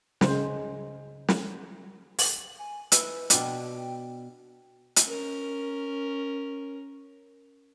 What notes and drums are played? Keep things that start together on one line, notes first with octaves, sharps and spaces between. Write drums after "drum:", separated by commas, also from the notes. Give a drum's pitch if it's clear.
C#3 G#3 C5, drum: snare
drum: snare
drum: open hi-hat
G#5
E4 B4, drum: hi-hat
B2 D4 G5, drum: hi-hat
drum: hi-hat
C#4 A#4